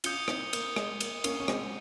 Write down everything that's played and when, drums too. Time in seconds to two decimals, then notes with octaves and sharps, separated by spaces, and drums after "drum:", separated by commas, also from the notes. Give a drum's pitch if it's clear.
0.04 C#4 F4 D#6 G6 C#7 G7, drum: cymbal
0.28 C4 D#4, drum: rim click
0.53 A#3, drum: cymbal
0.76 G#3, drum: rim click
1.00 A#3, drum: cymbal
1.24 A#3 C#4, drum: cymbal
1.40 C#4
1.48 G#3 C4, drum: rim click